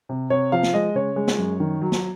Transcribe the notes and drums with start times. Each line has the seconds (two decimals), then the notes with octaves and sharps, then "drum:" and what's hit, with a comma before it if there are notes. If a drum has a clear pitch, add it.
0.09 C3
0.30 C3 C#5
0.52 F3 F5
0.63 drum: snare
0.73 G#3 D#5
0.95 C#3 C#5
1.16 G#3
1.28 drum: snare
1.38 F#2
1.60 D#3
1.81 F#3
1.92 drum: snare